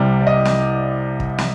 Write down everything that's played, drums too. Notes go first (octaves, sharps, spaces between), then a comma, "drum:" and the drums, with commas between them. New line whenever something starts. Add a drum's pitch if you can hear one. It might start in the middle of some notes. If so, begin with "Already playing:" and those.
Already playing: C2 C3 G3 D5
D5
D#5
drum: snare
drum: kick
drum: snare